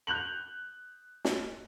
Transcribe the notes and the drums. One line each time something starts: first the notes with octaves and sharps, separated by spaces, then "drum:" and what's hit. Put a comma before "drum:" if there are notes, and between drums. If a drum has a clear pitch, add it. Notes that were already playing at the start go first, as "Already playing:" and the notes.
F#6 G6 F7 F#7
drum: snare